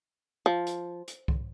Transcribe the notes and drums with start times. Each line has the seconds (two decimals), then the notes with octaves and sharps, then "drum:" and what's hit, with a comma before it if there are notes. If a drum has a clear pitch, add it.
0.46 F3
0.67 drum: hi-hat
1.08 drum: hi-hat
1.28 drum: kick C2